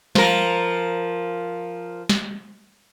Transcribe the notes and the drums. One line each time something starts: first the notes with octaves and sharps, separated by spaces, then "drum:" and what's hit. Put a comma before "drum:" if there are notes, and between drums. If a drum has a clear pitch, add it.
F3 A#4, drum: snare
drum: snare